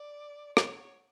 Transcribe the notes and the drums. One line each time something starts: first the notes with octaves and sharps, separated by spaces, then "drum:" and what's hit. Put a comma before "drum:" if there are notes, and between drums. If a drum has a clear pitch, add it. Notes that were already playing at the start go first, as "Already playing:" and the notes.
Already playing: D5
C#5, drum: rim click